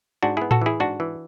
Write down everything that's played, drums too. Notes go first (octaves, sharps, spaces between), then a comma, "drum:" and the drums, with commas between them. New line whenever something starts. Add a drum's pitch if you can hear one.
G#2 D4 F#4
B3 E4 G#4
F#4 A4, drum: tom A2
E3 E4 G#4
G#2 D4 F#4
E3